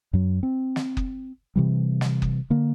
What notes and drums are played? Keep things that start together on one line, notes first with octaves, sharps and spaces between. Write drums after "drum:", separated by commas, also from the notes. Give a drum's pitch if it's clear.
F#2 F#3
C4
drum: snare
drum: kick F#1
C3 E3 G3
drum: snare
drum: kick F#1
D3 A#3